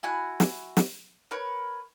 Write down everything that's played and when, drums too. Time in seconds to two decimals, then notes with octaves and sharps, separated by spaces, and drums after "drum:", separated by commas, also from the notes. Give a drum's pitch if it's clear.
0.03 E4 F#4 G#5 F#6
0.40 drum: snare
0.77 drum: snare
1.31 A#4 B4 C#5